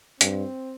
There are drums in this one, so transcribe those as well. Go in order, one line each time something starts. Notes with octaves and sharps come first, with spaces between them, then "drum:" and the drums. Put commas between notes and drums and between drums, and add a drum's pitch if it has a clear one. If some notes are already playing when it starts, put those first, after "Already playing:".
G2 C4, drum: hi-hat